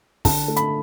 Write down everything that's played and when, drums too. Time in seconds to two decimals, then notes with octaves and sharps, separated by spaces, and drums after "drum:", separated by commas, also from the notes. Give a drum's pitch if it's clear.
0.25 D3 A5, drum: kick, open hi-hat
0.48 A3
0.56 B5, drum: hi-hat